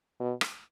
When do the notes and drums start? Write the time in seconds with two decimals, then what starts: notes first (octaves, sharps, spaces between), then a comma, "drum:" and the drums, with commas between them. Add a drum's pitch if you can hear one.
0.20 B2
0.41 drum: rim click